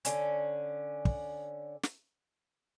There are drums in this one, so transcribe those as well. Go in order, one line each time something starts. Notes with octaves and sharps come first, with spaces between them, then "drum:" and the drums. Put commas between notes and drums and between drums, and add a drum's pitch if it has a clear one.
D3 C#4, drum: hi-hat
drum: kick
drum: snare